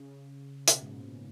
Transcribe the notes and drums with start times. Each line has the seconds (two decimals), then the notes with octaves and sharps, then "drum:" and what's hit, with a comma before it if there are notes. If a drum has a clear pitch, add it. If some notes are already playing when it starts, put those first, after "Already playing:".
Already playing: C#3
0.68 B2, drum: hi-hat
0.81 G#2
0.87 A#2
1.06 G#2